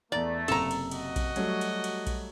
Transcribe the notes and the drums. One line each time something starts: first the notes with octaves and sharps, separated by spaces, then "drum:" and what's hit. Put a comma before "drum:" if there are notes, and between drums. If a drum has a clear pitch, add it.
E2 A3 D5 A#5
F#1 C3 A4 A#5, drum: cymbal
drum: cymbal
F#4 D#5, drum: cymbal
drum: kick A#1, cymbal
F#3 G3 A3, drum: cymbal
drum: cymbal
drum: cymbal
drum: kick A#1, cymbal